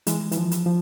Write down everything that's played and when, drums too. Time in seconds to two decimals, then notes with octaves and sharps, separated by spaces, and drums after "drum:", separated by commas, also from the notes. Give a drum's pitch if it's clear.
0.07 E3 G#3, drum: hi-hat
0.32 E3, drum: hi-hat
0.37 F3
0.51 drum: hi-hat
0.66 F3